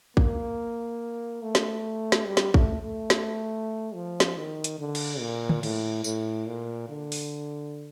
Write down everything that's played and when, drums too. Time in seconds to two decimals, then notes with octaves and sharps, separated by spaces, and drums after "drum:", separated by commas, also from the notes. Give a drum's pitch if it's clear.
0.17 A#3, drum: kick
1.43 A3
1.55 drum: snare
2.12 drum: snare
2.26 G3
2.37 drum: snare
2.54 A3, drum: kick
2.83 A3
3.10 drum: snare
3.95 F3
4.20 drum: snare
4.37 D#3
4.64 drum: hi-hat
4.79 D3
4.95 drum: cymbal
5.20 A#2
5.49 drum: tom D3
5.63 A2, drum: cymbal
6.04 A2, drum: tambourine
6.47 A#2
6.89 D3
7.12 drum: open hi-hat